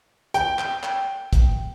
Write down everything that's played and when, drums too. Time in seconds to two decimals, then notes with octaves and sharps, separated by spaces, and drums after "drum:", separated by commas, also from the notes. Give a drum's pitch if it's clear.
0.34 G5, drum: hi-hat
0.59 drum: clap
0.83 drum: clap
1.33 drum: kick, hi-hat